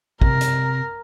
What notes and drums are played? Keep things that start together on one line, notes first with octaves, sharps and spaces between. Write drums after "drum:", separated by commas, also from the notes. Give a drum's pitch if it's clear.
C3 A#4, drum: kick
drum: hi-hat